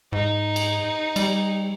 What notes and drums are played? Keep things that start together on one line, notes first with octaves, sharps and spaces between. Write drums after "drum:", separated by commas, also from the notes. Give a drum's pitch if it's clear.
G#2 D#4
drum: cymbal
G3, drum: cymbal